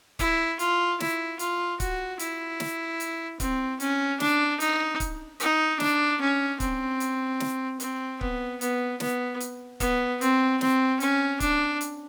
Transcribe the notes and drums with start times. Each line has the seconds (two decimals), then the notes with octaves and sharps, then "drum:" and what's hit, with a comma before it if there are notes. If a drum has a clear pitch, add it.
0.19 E4, drum: kick C#1, hi-hat
0.59 F4, drum: hi-hat
1.00 E4, drum: snare
1.39 F4, drum: hi-hat
1.80 F#4, drum: kick C#1, hi-hat
2.19 E4, drum: hi-hat
2.60 drum: snare
3.00 drum: hi-hat
3.40 C4, drum: kick C#1, hi-hat
3.80 C#4, drum: hi-hat
4.20 D4, drum: snare
4.60 D#4, drum: hi-hat
5.00 drum: kick C#1, hi-hat
5.40 D#4, drum: hi-hat
5.80 D4, drum: snare
6.21 C#4
6.60 C4, drum: kick C#1, hi-hat
7.00 drum: hi-hat
7.40 drum: snare
7.80 C4, drum: hi-hat
8.21 B3, drum: kick C#1
8.61 B3, drum: hi-hat
9.00 B3, drum: snare
9.40 drum: hi-hat
9.80 B3, drum: kick C#1, hi-hat
10.21 C4, drum: hi-hat
10.61 C4, drum: snare
11.00 C#4, drum: hi-hat
11.40 D4, drum: kick C#1, hi-hat
11.81 drum: hi-hat